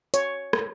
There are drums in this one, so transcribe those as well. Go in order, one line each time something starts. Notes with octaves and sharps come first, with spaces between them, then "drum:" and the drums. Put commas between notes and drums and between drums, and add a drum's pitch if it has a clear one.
C#5, drum: hi-hat
drum: rim click